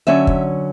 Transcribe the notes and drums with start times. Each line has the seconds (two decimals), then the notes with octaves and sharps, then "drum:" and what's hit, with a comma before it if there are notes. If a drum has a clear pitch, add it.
0.07 D3 F#3 C#4 E5
0.27 drum: kick